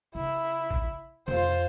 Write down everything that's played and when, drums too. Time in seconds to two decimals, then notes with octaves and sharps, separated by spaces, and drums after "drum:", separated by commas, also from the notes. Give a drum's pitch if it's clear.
0.15 C#3 E4
0.71 drum: kick
1.28 F2 F4 C5, drum: tom